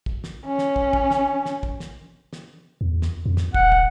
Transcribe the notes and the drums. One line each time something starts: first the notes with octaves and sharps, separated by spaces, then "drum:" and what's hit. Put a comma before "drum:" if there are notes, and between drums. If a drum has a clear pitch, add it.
drum: kick
drum: snare
C#4
drum: snare
drum: kick
drum: kick
drum: snare
drum: snare
drum: kick
drum: snare
drum: snare
E2
drum: snare
F2
drum: snare
D#1 F#5, drum: kick
drum: kick